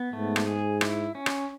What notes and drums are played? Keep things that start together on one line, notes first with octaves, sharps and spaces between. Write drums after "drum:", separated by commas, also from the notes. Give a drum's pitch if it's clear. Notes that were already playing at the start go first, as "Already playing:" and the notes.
Already playing: B3
G#2 A3
drum: rim click
G#4
E4, drum: rim click
C#4
drum: rim click